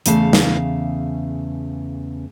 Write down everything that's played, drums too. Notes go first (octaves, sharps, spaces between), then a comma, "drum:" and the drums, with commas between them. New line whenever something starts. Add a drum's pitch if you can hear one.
E2 C#3 A3 F5 A5, drum: hi-hat
drum: snare